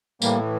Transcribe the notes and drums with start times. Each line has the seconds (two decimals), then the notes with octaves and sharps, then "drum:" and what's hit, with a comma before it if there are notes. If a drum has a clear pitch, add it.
0.22 A2 E3 G3 A#3, drum: tambourine